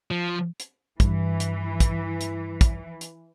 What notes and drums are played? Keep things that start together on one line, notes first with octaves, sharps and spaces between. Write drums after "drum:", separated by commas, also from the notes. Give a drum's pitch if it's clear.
F3
drum: hi-hat
G2 E3, drum: kick, hi-hat
drum: hi-hat
drum: kick, hi-hat
drum: hi-hat
drum: kick, hi-hat
drum: hi-hat